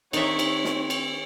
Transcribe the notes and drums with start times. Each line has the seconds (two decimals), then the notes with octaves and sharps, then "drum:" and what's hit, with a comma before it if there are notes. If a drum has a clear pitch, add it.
0.13 D#3 C4 D4 D#4 C#5 E5, drum: cymbal
0.39 drum: cymbal
0.64 drum: snare
0.90 drum: cymbal